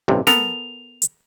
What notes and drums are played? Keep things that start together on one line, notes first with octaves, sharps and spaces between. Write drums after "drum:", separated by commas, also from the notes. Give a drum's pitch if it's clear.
A1 G2 C3
B3 A4 A#4 F7, drum: snare
drum: hi-hat